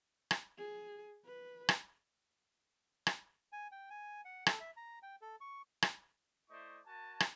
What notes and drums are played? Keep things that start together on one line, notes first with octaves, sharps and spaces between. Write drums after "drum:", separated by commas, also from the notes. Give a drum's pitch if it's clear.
drum: rim click
G#4
B4
drum: rim click
drum: rim click
G#5
G5
G#5
F#5
A4, drum: rim click
E5
A#5
G5
A4
C#6
drum: rim click
A3 E4 C5 D5 D#5 C#6
F#4 A#4 G#5 A5
drum: rim click